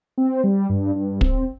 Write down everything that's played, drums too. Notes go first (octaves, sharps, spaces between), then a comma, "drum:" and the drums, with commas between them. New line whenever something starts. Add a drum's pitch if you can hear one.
C4
G3
G2
G2
C4, drum: kick